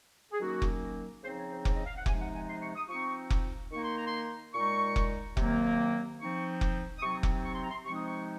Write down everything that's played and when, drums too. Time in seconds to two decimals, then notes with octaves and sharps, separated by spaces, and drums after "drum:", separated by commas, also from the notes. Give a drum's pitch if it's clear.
0.32 G#4
0.40 D#3 F#3 A#3 C#4 F#4
0.62 drum: kick F1
1.23 C#3 F3 C4 D#4 C5
1.38 C#5
1.51 C5
1.65 C5, drum: kick F1
1.76 D#5
1.86 F5
1.96 F#5
2.06 C3 F3 G#3 D#4 G#5, drum: kick F1
2.20 F#5
2.34 G#5
2.48 C6
2.61 C#6
2.76 D#6
2.89 F3 C4 D#4 C#6
3.30 drum: kick F1
3.72 D#3 A#3 D#4 C#6
3.83 C6
3.96 A#5
4.06 C6
4.54 A#2 G#3 D#4 C#6
4.96 drum: kick F1
5.37 C3 D#3 F#3 A#3, drum: kick F1
6.20 F3 C4 D#4 C#6
6.61 drum: kick F1
6.98 D#6
7.02 C3 F#3 C4 D#4 C#6
7.23 drum: kick F1
7.43 C#6
7.53 C6
7.62 A#5
7.71 C6
7.85 C3 F3 G#3 C4 D#4 C#6
7.95 D#6
8.05 C#6